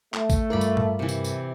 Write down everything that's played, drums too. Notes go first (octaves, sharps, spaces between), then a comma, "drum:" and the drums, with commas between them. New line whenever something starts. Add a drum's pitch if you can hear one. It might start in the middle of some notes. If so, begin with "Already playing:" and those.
A3, drum: clap
drum: kick A1, tambourine
G2 F4 A#4 D5 B5
drum: tambourine
drum: tom A2
C3 E3
drum: tambourine
drum: tambourine